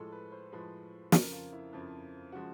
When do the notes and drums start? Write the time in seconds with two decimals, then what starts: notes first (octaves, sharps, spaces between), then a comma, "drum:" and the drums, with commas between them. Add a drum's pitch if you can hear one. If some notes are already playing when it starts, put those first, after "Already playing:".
Already playing: A2 F3 G#3 A4
0.12 B4
0.32 C5
0.52 A2 F3 G#3 B4
1.12 F2 C#3 F3 A#4, drum: snare
1.32 F4
1.52 E4
1.73 F2 C#3 F3
2.32 C#3 F3 G#3 F#4